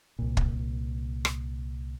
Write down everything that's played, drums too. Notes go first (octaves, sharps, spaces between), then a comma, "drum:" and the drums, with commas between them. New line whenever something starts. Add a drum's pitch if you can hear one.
C2 A#2
drum: kick
drum: rim click